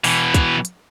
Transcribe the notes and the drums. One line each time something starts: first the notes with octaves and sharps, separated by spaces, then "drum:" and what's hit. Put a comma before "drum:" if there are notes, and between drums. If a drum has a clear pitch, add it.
B2 E3, drum: open hi-hat
drum: kick, hi-hat
drum: hi-hat